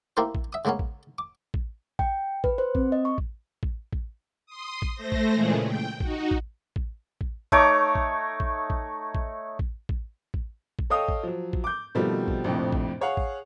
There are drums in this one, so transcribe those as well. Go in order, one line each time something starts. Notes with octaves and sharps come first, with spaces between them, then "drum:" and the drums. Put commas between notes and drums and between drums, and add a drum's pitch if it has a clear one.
A#3 E4 G4 A#4 C5
drum: kick A1
E5 D#6
C#3 G#3 A#3 B3 C#4
drum: kick A1
D6
drum: kick A1
G5, drum: kick A1
B4, drum: kick A1
C5
C4, drum: kick A1
D#5
C#6
drum: kick A1
drum: kick A1
drum: kick A1
C6 D#6
drum: kick A1
A3 C5 A#6
drum: kick A1
A#2 C#3 E3 G#3 A3 G#4
G5
D#4 F#4, drum: kick A1
drum: kick A1
drum: kick A1
drum: kick A1
A3 D#4 C#5 D6, drum: kick A1
drum: kick A1
drum: kick A1
drum: kick A1
drum: kick A1
drum: kick A1
drum: kick A1
drum: kick A1
drum: kick A1
A4 C#5 D#5 F5 G5 D#6
drum: kick A1
F3 F#3
drum: kick A1
D6 G6
B2 D#3 F3 G3 A3 C4
drum: kick A1
A#1 F2 A2 C3
drum: kick A1
G#4 C#5 F5 F#5
drum: kick A1